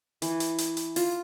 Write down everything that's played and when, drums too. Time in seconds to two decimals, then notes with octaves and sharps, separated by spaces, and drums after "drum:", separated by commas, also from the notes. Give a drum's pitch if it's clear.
0.22 E3, drum: hi-hat
0.40 drum: hi-hat
0.58 drum: hi-hat
0.77 drum: hi-hat
0.96 F4, drum: open hi-hat